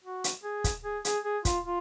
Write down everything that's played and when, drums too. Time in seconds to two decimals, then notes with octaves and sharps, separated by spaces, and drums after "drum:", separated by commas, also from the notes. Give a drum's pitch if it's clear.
0.04 F#4
0.24 drum: hi-hat
0.44 G#4
0.64 drum: kick, hi-hat
0.84 G#4
1.05 G#4, drum: hi-hat
1.24 G#4
1.45 F4, drum: kick, hi-hat
1.64 F4